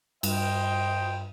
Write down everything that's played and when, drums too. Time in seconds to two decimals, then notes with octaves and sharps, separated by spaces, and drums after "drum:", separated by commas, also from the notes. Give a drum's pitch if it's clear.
0.23 G2 C5 D#5 G5, drum: cymbal